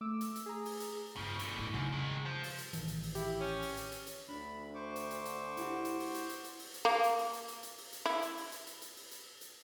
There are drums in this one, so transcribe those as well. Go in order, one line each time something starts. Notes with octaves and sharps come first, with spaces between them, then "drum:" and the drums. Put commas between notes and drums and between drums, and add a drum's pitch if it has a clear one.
A3 D6 E6
drum: hi-hat
drum: hi-hat
G#4 A#5
drum: open hi-hat
drum: hi-hat
G1 C#3 F3
B2 D3, drum: hi-hat
A2
F#2 C#3 D#4
D#3 G#3
F3
drum: open hi-hat
drum: hi-hat
A1 D#3 E3, drum: hi-hat
drum: hi-hat
drum: open hi-hat
E4 G4, drum: hi-hat
C#4
drum: open hi-hat
drum: hi-hat
drum: hi-hat
drum: hi-hat
D2 D4 B5
C5 C#6 D6
drum: hi-hat
drum: hi-hat
drum: hi-hat
E4 G4 F#5, drum: hi-hat
drum: hi-hat
drum: open hi-hat
drum: hi-hat
drum: hi-hat
drum: hi-hat
drum: open hi-hat
drum: hi-hat
A#3
drum: hi-hat
drum: open hi-hat
drum: hi-hat
drum: hi-hat
drum: hi-hat
drum: open hi-hat
drum: hi-hat
E4
drum: hi-hat
drum: open hi-hat
drum: hi-hat
drum: hi-hat
drum: hi-hat
drum: open hi-hat
drum: hi-hat
drum: hi-hat